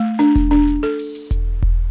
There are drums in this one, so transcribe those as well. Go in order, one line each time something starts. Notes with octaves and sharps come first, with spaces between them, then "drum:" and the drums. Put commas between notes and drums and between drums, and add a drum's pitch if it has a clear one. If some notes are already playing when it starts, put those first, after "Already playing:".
Already playing: A3
D4, drum: hi-hat
drum: kick E1, hi-hat
D4, drum: hi-hat
drum: hi-hat
A4, drum: hi-hat
drum: open hi-hat
drum: hi-hat
drum: kick E1, hi-hat
drum: kick E1